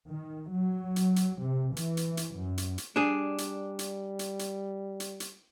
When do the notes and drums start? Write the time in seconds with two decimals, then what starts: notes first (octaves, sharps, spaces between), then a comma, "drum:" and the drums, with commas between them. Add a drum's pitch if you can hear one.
0.11 D#3
0.52 F#3
0.96 drum: hi-hat
1.16 drum: hi-hat
1.42 C3
1.76 E3, drum: hi-hat
1.97 drum: hi-hat
2.17 drum: hi-hat
2.37 F#2
2.58 drum: hi-hat
2.78 drum: hi-hat
2.96 G3 D4 G#4
3.38 drum: hi-hat
3.79 drum: hi-hat
4.19 drum: hi-hat
4.39 drum: hi-hat
5.00 drum: hi-hat
5.20 drum: hi-hat